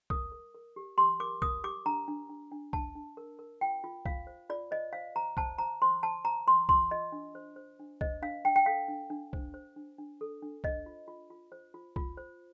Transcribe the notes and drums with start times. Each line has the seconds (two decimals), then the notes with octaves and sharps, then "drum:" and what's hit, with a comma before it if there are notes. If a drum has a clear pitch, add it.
0.10 A#4 D#6, drum: kick
0.32 A#4
0.55 A#4
0.76 G4
0.98 G4 C6
1.20 A#4 D6
1.42 A#4 D#6, drum: kick
1.64 G4 D6
1.86 D4 A#5
2.08 D4
2.30 D4
2.52 D4
2.73 D4 A5, drum: kick
2.95 D4
3.17 A#4
3.39 A#4
3.61 F4 G5
3.84 F4
4.05 F4 F5, drum: kick
4.27 C5
4.50 F4 D5
4.71 C5 D#5
4.93 C5 F5
5.16 C5 A#5
5.37 C5 A5, drum: kick
5.59 C5 A#5
5.82 C5 C6
6.03 C5 A5
6.25 C5 A#5
6.47 C5 C6
6.69 F4 C6, drum: kick
6.91 F4 D#5
7.12 D4
7.35 C5
7.56 C5
7.79 D4
8.01 C5 D#5, drum: kick
8.22 D4 F5
8.45 D4 G5
8.56 G5
8.66 A4 F5
8.88 D4
9.10 D4
9.33 C5, drum: kick
9.54 C5
9.76 D4
9.98 D4
10.21 A4
10.42 D4
10.64 C5 D#5, drum: kick
10.86 F4
11.08 F4
11.30 F4
11.52 C5
11.74 F4
11.96 F4, drum: kick
12.17 C5